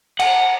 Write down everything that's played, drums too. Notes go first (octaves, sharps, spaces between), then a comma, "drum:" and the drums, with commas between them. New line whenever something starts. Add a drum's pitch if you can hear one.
F#5, drum: cymbal